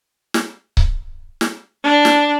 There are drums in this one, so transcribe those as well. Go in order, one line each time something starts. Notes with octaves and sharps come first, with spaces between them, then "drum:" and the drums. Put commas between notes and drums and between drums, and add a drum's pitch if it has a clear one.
drum: snare
drum: kick C#1
drum: snare
D4
drum: snare